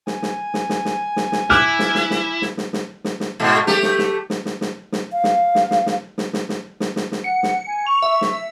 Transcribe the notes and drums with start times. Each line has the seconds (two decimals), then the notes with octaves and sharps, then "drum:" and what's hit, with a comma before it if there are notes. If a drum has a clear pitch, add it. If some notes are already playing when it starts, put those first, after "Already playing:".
0.07 G#5, drum: snare
0.22 drum: snare
0.54 drum: snare
0.69 drum: snare
0.85 drum: snare
1.16 drum: snare
1.32 drum: snare
1.50 E4 D6 F6 F#6, drum: snare
1.79 drum: snare
1.95 drum: snare
2.10 drum: snare
2.42 drum: snare
2.57 drum: snare
2.73 drum: snare
3.04 drum: snare
3.20 drum: snare
3.40 G#2 B2 A3
3.67 A3 G4, drum: snare
3.83 drum: snare
3.98 drum: snare
4.30 drum: snare
4.45 drum: snare
4.61 drum: snare
4.92 drum: snare
5.13 F5
5.24 drum: snare
5.55 drum: snare
5.71 drum: snare
5.86 drum: snare
6.18 drum: snare
6.33 drum: snare
6.49 drum: snare
6.80 drum: snare
6.96 drum: snare
7.12 drum: snare
7.24 F#5 C#7
7.43 drum: snare
7.67 G#5
7.87 C#6 F7
8.03 E5
8.21 drum: snare